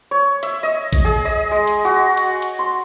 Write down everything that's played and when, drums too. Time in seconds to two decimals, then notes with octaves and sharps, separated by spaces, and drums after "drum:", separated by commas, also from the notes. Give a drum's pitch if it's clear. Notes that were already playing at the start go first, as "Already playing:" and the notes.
0.11 C#5
0.43 E5, drum: cymbal
0.63 D#5
0.93 drum: kick A#1, cymbal
1.05 G#4
1.25 D#5
1.51 G#3
1.67 drum: cymbal
1.85 F#4
2.17 drum: cymbal
2.42 drum: cymbal
2.59 C6